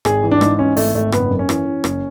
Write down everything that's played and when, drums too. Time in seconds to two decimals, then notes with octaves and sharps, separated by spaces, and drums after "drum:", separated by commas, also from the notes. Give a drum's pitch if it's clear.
0.05 G#1 G#4, drum: rim click
0.23 E3
0.31 D4
0.41 G#2, drum: rim click
0.59 E3 C#4
0.77 G#1 A3, drum: open hi-hat
0.95 G#1 A3
1.12 F#1 B3, drum: rim click
1.31 F#2
1.39 C#4
1.49 E3, drum: rim click
1.65 E3
1.84 F#1, drum: rim click